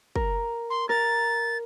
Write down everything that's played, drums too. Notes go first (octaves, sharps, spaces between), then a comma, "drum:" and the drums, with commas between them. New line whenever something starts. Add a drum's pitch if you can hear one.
A#4, drum: kick
C6
A#4 A6